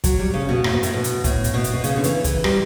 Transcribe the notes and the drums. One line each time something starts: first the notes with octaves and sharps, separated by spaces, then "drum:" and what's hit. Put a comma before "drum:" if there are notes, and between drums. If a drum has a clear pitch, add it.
F#3, drum: kick, hi-hat
G3
C#3
B2
A2, drum: rim click
B2
A2, drum: hi-hat
B2
drum: hi-hat
A2, drum: kick, hi-hat
drum: hi-hat
B2
drum: hi-hat
B2
C#3, drum: hi-hat
D3
E3, drum: hi-hat
E3, drum: kick, hi-hat
G3, drum: rim click